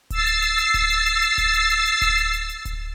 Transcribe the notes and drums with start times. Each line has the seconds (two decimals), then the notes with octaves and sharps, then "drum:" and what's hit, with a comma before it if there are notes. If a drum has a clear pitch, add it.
0.10 E6 A6 C7, drum: kick D1, hi-hat
0.26 drum: hi-hat
0.42 drum: hi-hat
0.58 drum: hi-hat
0.74 drum: kick D1, hi-hat
0.90 drum: hi-hat
1.06 drum: hi-hat
1.22 drum: hi-hat
1.38 drum: kick D1, hi-hat
1.54 drum: hi-hat
1.70 drum: hi-hat
1.86 drum: hi-hat
2.02 drum: kick D1, hi-hat
2.18 drum: hi-hat
2.33 drum: hi-hat
2.49 drum: hi-hat
2.65 drum: kick D1, hi-hat